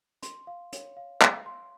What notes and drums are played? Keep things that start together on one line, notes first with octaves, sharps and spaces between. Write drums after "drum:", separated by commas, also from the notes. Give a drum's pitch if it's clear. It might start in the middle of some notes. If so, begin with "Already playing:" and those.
C6, drum: hi-hat
F5
C#5, drum: hi-hat
F5
F5, drum: clap
C6